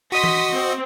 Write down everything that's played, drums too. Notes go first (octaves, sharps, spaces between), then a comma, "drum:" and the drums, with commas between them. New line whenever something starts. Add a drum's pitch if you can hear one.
F#4 D#5 C6 D#6 B6
drum: tom E3
C4